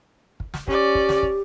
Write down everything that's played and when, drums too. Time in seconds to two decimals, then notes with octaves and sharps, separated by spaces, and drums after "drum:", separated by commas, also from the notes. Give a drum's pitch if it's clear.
0.40 drum: kick
0.54 drum: snare
0.68 C#4 G4 D5, drum: kick
0.95 drum: kick
1.09 drum: snare
1.23 drum: kick